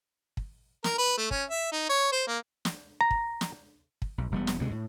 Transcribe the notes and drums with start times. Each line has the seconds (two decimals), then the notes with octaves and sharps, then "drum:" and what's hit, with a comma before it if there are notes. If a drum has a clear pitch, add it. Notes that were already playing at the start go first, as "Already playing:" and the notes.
0.37 drum: kick
0.84 A#4, drum: snare
0.98 B4
1.17 A3
1.31 C#4, drum: kick
1.50 E5
1.72 D#4
1.89 C#5
2.12 C5
2.27 A#3
2.65 drum: snare
3.01 A#5
3.11 drum: kick
3.41 drum: snare
4.02 drum: kick
4.18 B1
4.31 E1 G3 G#3 B3
4.47 drum: snare
4.59 D2 C3 G#3
4.71 A2